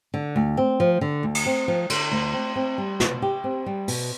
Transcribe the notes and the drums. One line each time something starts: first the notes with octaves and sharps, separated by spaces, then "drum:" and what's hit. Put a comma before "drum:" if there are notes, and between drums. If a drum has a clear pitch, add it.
D3
D2
C4
F3
D3
D2
drum: cymbal
C4
F3
D3, drum: cymbal
D2
C4
C4
G3
B2, drum: snare
G4
C4
G3
B2, drum: open hi-hat